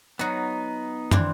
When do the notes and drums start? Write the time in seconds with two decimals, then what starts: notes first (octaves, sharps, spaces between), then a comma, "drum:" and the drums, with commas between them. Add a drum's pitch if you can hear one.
0.19 F#3 B3 D#4 F#4
1.11 E3 C4 D4, drum: tom